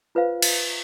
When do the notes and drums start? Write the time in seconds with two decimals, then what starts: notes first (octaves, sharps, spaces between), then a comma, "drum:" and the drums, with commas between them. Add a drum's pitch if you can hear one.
0.15 F4 B4 C5 F5
0.42 drum: cymbal